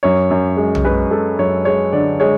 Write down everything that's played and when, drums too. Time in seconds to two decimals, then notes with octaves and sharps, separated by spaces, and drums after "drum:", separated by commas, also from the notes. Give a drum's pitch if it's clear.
0.03 F#2 C#5
0.30 F#2
0.57 G#3
0.75 drum: tom B1
0.85 G#3 B4
1.11 G#3 A4
1.38 F#2 C#5
1.65 G#3 C#5
1.92 D3 D5
2.20 G#3 C#5